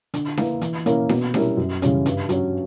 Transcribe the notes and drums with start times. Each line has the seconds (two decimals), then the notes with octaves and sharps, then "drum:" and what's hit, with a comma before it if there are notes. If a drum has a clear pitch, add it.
0.14 D3, drum: hi-hat
0.37 A#3 E4 B4, drum: snare D4
0.61 E3, drum: hi-hat
0.86 A#3 C#4 E4 A#4, drum: hi-hat
1.09 B2, drum: snare D4
1.34 G3 C#4 E4 A#4, drum: snare D4
1.57 F#2
1.82 C#3 E3 G3 C#4, drum: hi-hat
2.06 G2, drum: hi-hat
2.29 F#3 C#4, drum: hi-hat